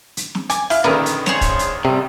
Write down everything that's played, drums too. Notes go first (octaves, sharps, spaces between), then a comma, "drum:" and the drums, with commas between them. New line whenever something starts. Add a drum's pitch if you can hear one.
drum: hi-hat
drum: snare
G#5 D6, drum: hi-hat
E4 F5, drum: open hi-hat
A#1 D3 D#3 C#4 A#4 B4
drum: hi-hat
G#4 C5 C#5, drum: snare
drum: kick, hi-hat
drum: hi-hat
C3 G3